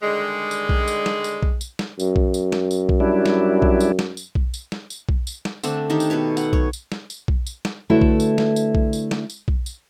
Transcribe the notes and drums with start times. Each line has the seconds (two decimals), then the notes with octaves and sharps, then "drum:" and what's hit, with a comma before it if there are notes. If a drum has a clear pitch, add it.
0.02 D3 D#3 G3 G#3
0.51 drum: tambourine
0.69 drum: kick B1
0.88 drum: tambourine
1.06 drum: snare
1.24 drum: tambourine
1.43 drum: kick B1
1.61 drum: tambourine
1.79 drum: snare
2.00 F#2, drum: tambourine
2.16 drum: kick B1
2.34 drum: tambourine
2.52 drum: snare
2.71 drum: tambourine
2.89 drum: kick B1
3.00 G3 D4 E4
3.26 drum: snare
3.62 drum: kick B1
3.80 drum: tambourine
3.99 drum: snare
4.17 drum: tambourine
4.35 drum: kick B1
4.54 drum: tambourine
4.72 drum: snare
4.90 drum: tambourine
5.09 drum: kick B1
5.27 drum: tambourine
5.45 drum: snare
5.64 D3 A3 C4 D4, drum: tambourine
5.90 D#3 D4 D#4 G4
6.00 drum: tambourine
6.10 B2 A4 B4 C#5
6.37 F#5, drum: tambourine
6.53 C#5, drum: kick B1
6.73 drum: tambourine
6.92 drum: snare
7.10 drum: tambourine
7.28 drum: kick B1
7.47 drum: tambourine
7.65 drum: snare
7.90 D3 A3 E4 F#4 B4 C#5
8.01 drum: kick B1
8.20 drum: tambourine
8.38 drum: snare
8.56 drum: tambourine
8.75 drum: kick B1
8.93 drum: tambourine
9.11 drum: snare
9.30 drum: tambourine
9.48 drum: kick B1
9.66 drum: tambourine